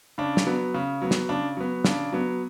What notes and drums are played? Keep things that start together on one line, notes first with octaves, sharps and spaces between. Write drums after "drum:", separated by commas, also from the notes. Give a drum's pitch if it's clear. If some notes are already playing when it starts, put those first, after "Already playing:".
C#3 D4
drum: snare
F#3 B3
C#3
F#3 B3
drum: snare
C#3 D4
F#3 B3
C#3 D4, drum: snare
F#3 B3